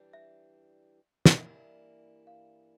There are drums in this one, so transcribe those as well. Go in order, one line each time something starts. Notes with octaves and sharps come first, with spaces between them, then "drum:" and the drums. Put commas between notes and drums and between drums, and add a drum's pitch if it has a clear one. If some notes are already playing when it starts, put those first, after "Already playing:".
Already playing: E3 G3 D4
E5
drum: snare
G2 E3 G3 A#3 E4
F5